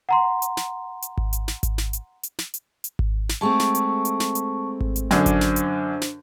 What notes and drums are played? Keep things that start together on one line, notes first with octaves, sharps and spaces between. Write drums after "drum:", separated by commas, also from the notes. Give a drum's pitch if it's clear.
F#5 A#5 C6
drum: hi-hat
drum: snare
drum: hi-hat
drum: kick G#1
drum: hi-hat
drum: snare
drum: kick G#1, hi-hat
drum: snare
drum: hi-hat
drum: hi-hat
drum: snare
drum: hi-hat
drum: hi-hat
drum: kick G#1
drum: snare
G#3 A3 C4 A5 C#6
drum: snare
drum: hi-hat
drum: hi-hat
drum: snare
drum: hi-hat
drum: kick G#1
drum: hi-hat
F#2 D3 D4 C5, drum: snare
drum: kick G#1, hi-hat
drum: snare
drum: hi-hat
drum: snare